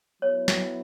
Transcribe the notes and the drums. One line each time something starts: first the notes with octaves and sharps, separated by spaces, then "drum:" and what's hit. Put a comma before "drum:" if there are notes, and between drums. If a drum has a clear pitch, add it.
F#3 B3 E4 C#5
drum: snare